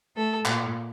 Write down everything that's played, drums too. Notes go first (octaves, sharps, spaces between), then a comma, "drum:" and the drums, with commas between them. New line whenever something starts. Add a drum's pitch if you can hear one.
A3 A4
A#2, drum: clap